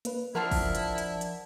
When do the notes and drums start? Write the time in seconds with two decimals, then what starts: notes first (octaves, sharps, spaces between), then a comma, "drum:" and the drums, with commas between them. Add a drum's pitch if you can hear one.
0.05 A#3 B4, drum: hi-hat
0.35 F3 D4 E4 F4 A#4 F#5 A5 F6
0.51 drum: kick, open hi-hat
0.75 drum: hi-hat
0.98 drum: hi-hat
1.21 drum: hi-hat